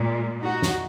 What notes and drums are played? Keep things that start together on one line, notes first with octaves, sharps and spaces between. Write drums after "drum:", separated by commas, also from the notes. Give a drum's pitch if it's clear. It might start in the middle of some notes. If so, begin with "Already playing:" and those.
Already playing: A#2 G#3
D#4 F#4
drum: snare